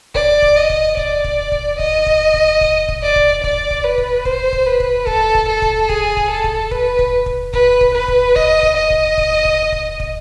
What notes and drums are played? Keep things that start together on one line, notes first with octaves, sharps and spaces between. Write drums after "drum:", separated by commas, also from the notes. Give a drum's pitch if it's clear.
D5, drum: kick
drum: kick
D#5
drum: kick
D5, drum: kick
drum: kick
drum: kick
D#5, drum: kick
drum: kick
drum: kick
drum: kick
drum: kick
D5
drum: kick
D5, drum: kick
drum: kick
B4
drum: kick
C5, drum: kick
drum: kick
B4
drum: kick
A4, drum: kick
drum: kick
A4
drum: kick
G#4, drum: kick
drum: kick
A4
drum: kick
B4, drum: kick
drum: kick
drum: kick
B4, drum: kick
drum: kick
B4
drum: kick
D#5, drum: kick
drum: kick
D#5
drum: kick
drum: kick
drum: kick
drum: kick
drum: kick